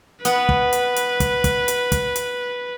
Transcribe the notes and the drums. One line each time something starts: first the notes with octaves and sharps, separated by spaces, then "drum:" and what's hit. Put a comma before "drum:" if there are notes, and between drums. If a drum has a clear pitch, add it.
B3 B4 F#5, drum: hi-hat
drum: kick
drum: hi-hat
drum: hi-hat
drum: kick, hi-hat
drum: kick, hi-hat
drum: hi-hat
drum: kick, hi-hat
drum: hi-hat